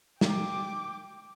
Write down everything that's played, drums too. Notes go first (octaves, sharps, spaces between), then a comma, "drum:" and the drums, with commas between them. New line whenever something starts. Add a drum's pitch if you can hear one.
G5 D6, drum: snare